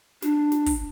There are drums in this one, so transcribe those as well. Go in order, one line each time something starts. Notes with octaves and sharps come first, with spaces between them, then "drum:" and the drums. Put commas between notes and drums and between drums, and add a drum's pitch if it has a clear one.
D4, drum: snare
drum: snare
drum: kick, open hi-hat